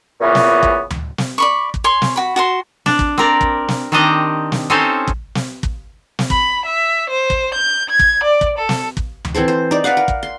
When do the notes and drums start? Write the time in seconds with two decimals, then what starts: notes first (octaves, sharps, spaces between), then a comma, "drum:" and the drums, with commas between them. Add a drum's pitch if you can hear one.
0.21 A#2 C#3 E3 B3 C#4
0.35 drum: snare
0.63 drum: kick
0.90 drum: tom D2
1.18 drum: snare
1.38 D5 B5 C#6
1.74 drum: kick
1.84 C#5 G#5 C6
2.02 drum: snare
2.16 F#4 B5
2.36 F#4 A5 C6
2.86 D4, drum: snare
2.99 drum: kick
3.18 C4 A#4 D5
3.41 drum: kick
3.68 drum: snare
3.92 D#3 C4 D4 G4 D#5 A#5
4.52 drum: snare
4.70 C4 C#4 D#4 A4 C5 C#5
5.07 drum: kick
5.35 drum: snare
5.63 drum: kick
6.19 drum: snare
6.30 B5, drum: kick
6.66 E5
7.10 C5
7.30 drum: kick
7.54 G6
7.90 G#6
7.99 drum: kick
8.24 D5
8.41 drum: kick
8.58 A4
8.69 drum: snare
8.97 drum: kick
9.25 drum: tom D2
9.34 E3 C4 A4 C5
9.48 C5
9.71 D#4 D5
9.84 B4 D5 F5 F#5
9.97 A#4
10.08 drum: kick
10.23 C6